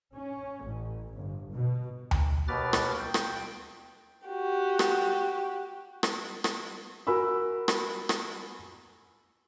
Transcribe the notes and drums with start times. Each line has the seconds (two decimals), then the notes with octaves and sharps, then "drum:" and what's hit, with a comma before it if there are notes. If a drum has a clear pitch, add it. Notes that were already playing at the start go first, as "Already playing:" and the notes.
0.16 C#4
0.67 A1
1.15 G1
1.52 B2
2.11 drum: tom D2
2.48 D#2 B2 B4 D6 F6 A6
2.73 drum: rim click
2.99 G5
3.14 drum: rim click
4.29 F#4 G4
4.79 drum: rim click
6.03 drum: rim click
6.44 drum: rim click
7.07 F#4 A#4 G#5 B5 E6
7.68 drum: rim click
8.09 drum: rim click